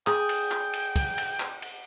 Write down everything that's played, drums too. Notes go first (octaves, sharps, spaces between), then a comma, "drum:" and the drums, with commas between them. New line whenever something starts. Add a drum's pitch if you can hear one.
G#4 G5 D#6, drum: clap
drum: cymbal
drum: clap
drum: cymbal
drum: kick, cymbal
drum: cymbal
drum: clap
drum: cymbal